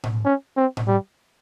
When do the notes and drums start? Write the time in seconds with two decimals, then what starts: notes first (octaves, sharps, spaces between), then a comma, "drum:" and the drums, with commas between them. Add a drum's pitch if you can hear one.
0.04 drum: tom A2
0.25 C#4
0.57 C4
0.77 drum: tom A2
0.88 G3